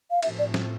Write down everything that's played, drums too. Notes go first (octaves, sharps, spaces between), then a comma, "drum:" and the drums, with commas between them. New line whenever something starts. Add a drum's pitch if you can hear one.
F5
A2 F3 A3 C4 E5, drum: cymbal
D5
drum: snare